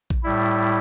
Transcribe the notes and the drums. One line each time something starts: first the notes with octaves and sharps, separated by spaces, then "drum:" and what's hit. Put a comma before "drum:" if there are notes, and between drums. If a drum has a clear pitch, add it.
drum: kick A#1
A2 G3 E4